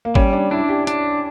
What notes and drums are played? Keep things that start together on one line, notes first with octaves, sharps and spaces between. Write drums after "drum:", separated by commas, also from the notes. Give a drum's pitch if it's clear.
A#3
G3 C#4, drum: kick
D4
D4 E4
G4
D4, drum: hi-hat